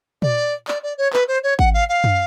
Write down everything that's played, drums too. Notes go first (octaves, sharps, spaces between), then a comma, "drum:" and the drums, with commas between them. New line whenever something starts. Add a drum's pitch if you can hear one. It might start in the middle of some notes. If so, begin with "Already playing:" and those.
D5, drum: tom A#2
D5, drum: clap
D5
C#5
B4, drum: clap
C5
C#5
F#5, drum: kick G#1
F5
F5
drum: tom